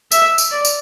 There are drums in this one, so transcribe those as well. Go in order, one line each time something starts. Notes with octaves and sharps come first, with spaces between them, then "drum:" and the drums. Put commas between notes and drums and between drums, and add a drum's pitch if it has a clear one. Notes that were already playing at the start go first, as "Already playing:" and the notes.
E5, drum: tambourine
drum: tambourine
D5
drum: tambourine